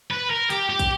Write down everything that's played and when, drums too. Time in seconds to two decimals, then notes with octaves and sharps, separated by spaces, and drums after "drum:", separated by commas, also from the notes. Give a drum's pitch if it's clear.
0.11 B4
0.30 A#4
0.50 G4, drum: hi-hat
0.69 G4
0.79 drum: kick, hi-hat